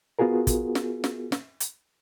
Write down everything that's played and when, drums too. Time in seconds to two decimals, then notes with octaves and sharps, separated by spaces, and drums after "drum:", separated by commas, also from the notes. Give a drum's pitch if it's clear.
0.19 B3 F4 F#4 G#4 A#4
0.47 drum: kick, hi-hat
0.75 drum: snare
1.04 drum: snare
1.32 drum: snare
1.60 drum: hi-hat